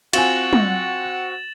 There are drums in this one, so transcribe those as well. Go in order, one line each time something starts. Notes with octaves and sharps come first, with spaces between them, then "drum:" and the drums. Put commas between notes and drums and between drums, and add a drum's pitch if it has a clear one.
C4 F4 F#4 F#5 G#5 A6 E7 F#7, drum: cymbal
drum: tom